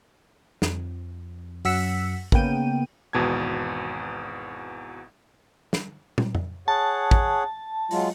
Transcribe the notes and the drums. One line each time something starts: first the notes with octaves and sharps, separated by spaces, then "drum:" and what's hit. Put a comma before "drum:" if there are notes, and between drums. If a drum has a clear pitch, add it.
F2, drum: snare
F#2 F#5 E6 B6 C#7, drum: open hi-hat
C#3 A#3 B3 G5 D#7, drum: kick
G#1 E2 B2 A5 G#6
drum: snare
drum: tom
drum: tom F2
G#4 C#5 F#5 A5
drum: kick
F#3 G#3 F4, drum: open hi-hat